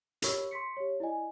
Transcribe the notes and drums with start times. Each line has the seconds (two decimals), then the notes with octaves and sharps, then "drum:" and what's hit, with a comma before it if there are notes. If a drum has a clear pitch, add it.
0.22 G4 A#4 C#5 B5 C#6 E6, drum: hi-hat
0.51 C6 C#6 B6 C#7
0.77 G4 C#5
1.00 E4 D5 D#5 G#5